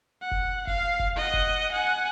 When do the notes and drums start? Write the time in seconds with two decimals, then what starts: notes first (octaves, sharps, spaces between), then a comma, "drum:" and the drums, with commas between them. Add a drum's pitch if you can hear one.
0.22 F#5
0.31 drum: kick F1
0.67 F5, drum: kick F1
0.99 drum: kick F1
1.17 D#5 F#5
1.34 drum: kick F1
1.72 F#5 G#5